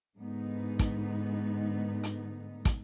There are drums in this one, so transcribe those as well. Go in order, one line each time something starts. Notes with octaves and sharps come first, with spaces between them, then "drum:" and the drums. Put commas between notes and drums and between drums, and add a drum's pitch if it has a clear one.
G#2 D3 B3 D#4
drum: kick, hi-hat
drum: hi-hat
drum: kick, hi-hat